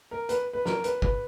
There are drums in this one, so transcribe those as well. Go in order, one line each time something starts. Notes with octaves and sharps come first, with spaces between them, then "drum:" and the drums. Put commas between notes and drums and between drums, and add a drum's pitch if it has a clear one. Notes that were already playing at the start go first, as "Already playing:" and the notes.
A#4
B4, drum: hi-hat
B4
A#4, drum: snare
B4, drum: hi-hat
B4, drum: kick